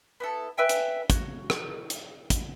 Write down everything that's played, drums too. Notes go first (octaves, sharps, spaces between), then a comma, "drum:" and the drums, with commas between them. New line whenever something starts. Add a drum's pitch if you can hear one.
B3 E4 A4
B4 E5 G5 G#5
drum: hi-hat
F#4 C#5, drum: kick, hi-hat
drum: rim click
drum: hi-hat
drum: kick, hi-hat